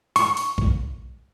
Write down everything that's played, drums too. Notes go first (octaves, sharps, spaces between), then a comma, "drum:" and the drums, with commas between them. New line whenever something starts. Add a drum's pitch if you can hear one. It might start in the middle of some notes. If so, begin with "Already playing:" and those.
C#6, drum: open hi-hat
drum: open hi-hat
drum: kick A#1